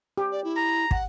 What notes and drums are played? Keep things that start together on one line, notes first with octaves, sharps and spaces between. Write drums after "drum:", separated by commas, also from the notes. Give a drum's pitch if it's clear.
G4
D5
E4
A#5
F#5, drum: kick